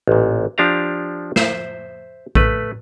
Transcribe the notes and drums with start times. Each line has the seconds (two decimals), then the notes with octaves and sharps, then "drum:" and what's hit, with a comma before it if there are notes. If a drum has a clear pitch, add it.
0.07 A1 A#2
0.58 F3 D4 G4 F5 A#5
1.36 C5 E5, drum: snare
2.35 A3 B4, drum: kick A#1